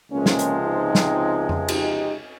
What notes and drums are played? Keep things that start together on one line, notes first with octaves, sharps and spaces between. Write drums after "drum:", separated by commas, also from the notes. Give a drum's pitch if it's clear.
C#2 C3 F3 G#3 A#3 C#4
drum: snare
drum: hi-hat
C4 D#4
drum: snare
drum: tom F2
D#4 G4, drum: cymbal